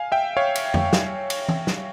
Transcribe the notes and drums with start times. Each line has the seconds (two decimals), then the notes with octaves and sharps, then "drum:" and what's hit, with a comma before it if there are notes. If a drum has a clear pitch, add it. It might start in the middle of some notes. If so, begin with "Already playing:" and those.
Already playing: F5 G#5
0.12 E5 G5
0.37 C#5 F5
0.55 drum: cymbal
0.74 drum: tom F2
0.93 drum: snare
1.30 drum: cymbal
1.49 drum: tom E3
1.67 drum: snare